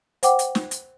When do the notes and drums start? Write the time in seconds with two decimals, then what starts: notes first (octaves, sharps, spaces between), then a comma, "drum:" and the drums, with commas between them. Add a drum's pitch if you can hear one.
0.23 C5 F#5 G5 D6, drum: hi-hat
0.39 drum: hi-hat
0.55 drum: snare
0.71 drum: hi-hat